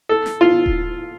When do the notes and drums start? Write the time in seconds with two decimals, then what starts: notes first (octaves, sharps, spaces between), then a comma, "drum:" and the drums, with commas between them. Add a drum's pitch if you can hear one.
0.09 A4
0.26 drum: snare
0.41 F4
0.66 drum: kick D#1